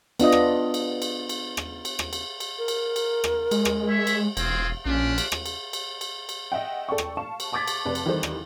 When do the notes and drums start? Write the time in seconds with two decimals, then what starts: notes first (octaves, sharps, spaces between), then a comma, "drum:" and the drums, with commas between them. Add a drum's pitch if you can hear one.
0.20 B3 D4 F4 D#5, drum: cymbal
0.32 drum: rim click
0.74 drum: cymbal
1.02 drum: cymbal
1.29 drum: cymbal
1.57 drum: rim click
1.85 drum: cymbal
1.99 drum: rim click
2.13 drum: cymbal
2.40 drum: cymbal
2.58 A#4
2.68 drum: cymbal
2.96 drum: cymbal
3.24 drum: rim click
3.51 G#3, drum: cymbal
3.65 drum: rim click
3.88 C#5 E5
4.07 drum: cymbal
4.37 E1 C4 F4 G#4, drum: cymbal
4.85 A#1 C#4 D4 F4 G4
5.18 drum: cymbal
5.32 drum: rim click
5.46 drum: cymbal
5.73 drum: cymbal
6.01 drum: cymbal
6.29 drum: cymbal
6.52 D#5 E5 F#5 G5
6.89 A4 D5 G5 C#6
6.98 drum: rim click
7.17 F5 A5 C#6 E7
7.40 drum: cymbal
7.52 A5 C#6 D6 G#6 A6 B6
7.67 drum: cymbal
7.85 F1 B4 D5 A5
7.95 drum: cymbal
8.06 D#3 E3 G3 D#4 A4 C5
8.23 drum: rim click